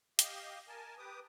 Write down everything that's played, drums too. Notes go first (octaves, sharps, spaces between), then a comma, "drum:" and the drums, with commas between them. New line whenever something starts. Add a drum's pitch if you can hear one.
G4 D#5 F5, drum: hi-hat
A#4 G#5 A5
G4 B4 D6 D#6